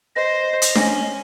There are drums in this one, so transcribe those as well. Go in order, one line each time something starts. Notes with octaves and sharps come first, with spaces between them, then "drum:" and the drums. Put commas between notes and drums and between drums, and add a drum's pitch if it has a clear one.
C5 D#5
drum: hi-hat
C#4, drum: snare D4